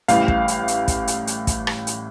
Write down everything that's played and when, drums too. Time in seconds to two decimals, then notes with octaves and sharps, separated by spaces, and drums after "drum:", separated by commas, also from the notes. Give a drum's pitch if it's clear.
0.08 A1 A2 G3 F5, drum: hi-hat
0.28 drum: kick
0.48 drum: hi-hat
0.68 drum: hi-hat
0.88 drum: kick, hi-hat
1.07 drum: hi-hat
1.27 drum: hi-hat
1.47 drum: kick, hi-hat
1.67 drum: rim click
1.87 drum: hi-hat